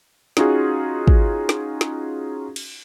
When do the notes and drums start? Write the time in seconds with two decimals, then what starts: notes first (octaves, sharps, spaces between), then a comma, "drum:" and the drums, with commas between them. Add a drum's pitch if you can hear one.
0.37 C#4 D#4 F4 F#4 G#4, drum: snare
1.08 drum: kick
1.49 drum: snare
1.81 drum: snare
2.56 drum: cymbal